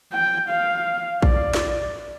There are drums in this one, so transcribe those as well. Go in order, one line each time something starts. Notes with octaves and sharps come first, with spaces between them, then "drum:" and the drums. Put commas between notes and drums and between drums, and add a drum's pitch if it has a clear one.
G5
F5
D5, drum: kick
drum: snare